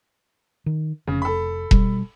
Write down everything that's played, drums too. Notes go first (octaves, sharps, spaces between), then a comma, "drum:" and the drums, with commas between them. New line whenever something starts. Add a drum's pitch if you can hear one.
D#3
F1 C#3
A4 B5
B2 G3, drum: kick E1